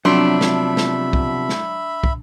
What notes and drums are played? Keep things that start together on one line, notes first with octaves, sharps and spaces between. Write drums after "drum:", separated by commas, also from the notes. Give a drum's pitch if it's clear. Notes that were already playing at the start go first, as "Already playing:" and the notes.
C3 F3 F#3 B3 D4 E5 B5 C6
drum: snare
drum: snare
drum: kick
drum: snare
drum: kick